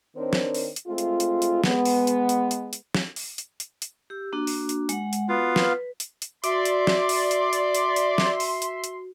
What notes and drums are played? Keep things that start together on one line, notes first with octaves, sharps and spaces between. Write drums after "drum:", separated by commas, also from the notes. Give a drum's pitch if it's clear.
D#3 C4 D4 A#4 C5 C#5
drum: snare
drum: open hi-hat
drum: hi-hat
G#3 A3 C4 F4
drum: hi-hat
drum: hi-hat
drum: hi-hat
G#3 B3, drum: snare
drum: open hi-hat
drum: hi-hat
drum: hi-hat
drum: hi-hat
drum: hi-hat
drum: snare
drum: open hi-hat
drum: hi-hat
drum: hi-hat
drum: hi-hat
G4 E6
A#3 D4 F#4
drum: open hi-hat
drum: hi-hat
G#3 F#5, drum: hi-hat
drum: hi-hat
B3 F4 F#4 F5
B4, drum: snare
drum: hi-hat
drum: hi-hat
F#4 D5 E5 C6, drum: hi-hat
drum: hi-hat
drum: snare
drum: open hi-hat
drum: hi-hat
drum: hi-hat
drum: hi-hat
drum: hi-hat
drum: snare
drum: open hi-hat
drum: hi-hat
drum: hi-hat